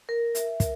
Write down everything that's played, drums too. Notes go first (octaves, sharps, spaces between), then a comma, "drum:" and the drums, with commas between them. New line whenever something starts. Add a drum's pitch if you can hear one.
A#4
E5, drum: hi-hat
A#4, drum: kick, hi-hat